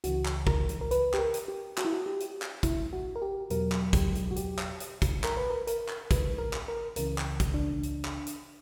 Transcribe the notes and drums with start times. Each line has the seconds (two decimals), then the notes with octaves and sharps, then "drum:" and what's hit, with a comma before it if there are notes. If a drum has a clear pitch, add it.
0.04 C#2 C#3 E3 F#4, drum: hi-hat
0.26 drum: clap
0.47 A#4, drum: kick
0.69 drum: hi-hat
0.81 A#4
0.91 B4, drum: hi-hat
1.14 G4, drum: clap
1.19 A#4
1.34 drum: hi-hat
1.48 G4
1.78 F#4, drum: clap
1.85 E4
1.93 F#4
2.06 G4
2.20 drum: hi-hat
2.42 drum: clap
2.63 E4, drum: kick, hi-hat
2.93 F#4
3.16 A#4
3.22 G4
3.50 E2 B2 F#3 A#4, drum: hi-hat
3.72 drum: clap
3.93 G4, drum: kick, hi-hat
4.15 drum: hi-hat
4.31 F#4
4.36 G4, drum: hi-hat
4.59 drum: clap
4.80 drum: hi-hat
5.02 drum: kick, hi-hat
5.24 A#4, drum: clap
5.37 B4
5.50 A#4
5.67 A#4, drum: hi-hat
5.88 drum: clap
6.11 B4, drum: kick, hi-hat
6.38 A#4
6.53 drum: clap
6.68 A#4
6.96 C#2 C#3 E3 A#4, drum: hi-hat
7.18 drum: clap
7.40 drum: kick, hi-hat
7.54 D4
7.83 drum: hi-hat
8.05 drum: clap
8.27 drum: hi-hat